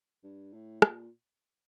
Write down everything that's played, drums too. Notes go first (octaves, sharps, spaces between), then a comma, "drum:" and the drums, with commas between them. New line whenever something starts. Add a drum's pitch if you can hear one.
G2
A2
A#2, drum: rim click